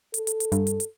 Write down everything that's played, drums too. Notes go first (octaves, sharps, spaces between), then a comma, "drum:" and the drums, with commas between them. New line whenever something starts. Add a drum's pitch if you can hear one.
A4, drum: hi-hat
drum: hi-hat
drum: hi-hat
G2, drum: hi-hat
drum: hi-hat
drum: hi-hat